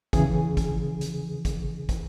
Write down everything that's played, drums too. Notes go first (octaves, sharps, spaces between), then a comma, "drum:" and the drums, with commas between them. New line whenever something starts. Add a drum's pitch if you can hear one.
E2 C#3 E3 G#4, drum: kick, hi-hat
drum: kick, hi-hat
drum: hi-hat
drum: kick, hi-hat
drum: kick, hi-hat